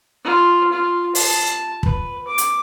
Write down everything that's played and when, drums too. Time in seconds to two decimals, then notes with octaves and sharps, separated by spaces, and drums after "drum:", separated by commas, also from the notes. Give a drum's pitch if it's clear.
0.24 F4
0.72 F4
1.15 A5, drum: open hi-hat
1.83 B4, drum: kick
2.27 D6
2.38 drum: hi-hat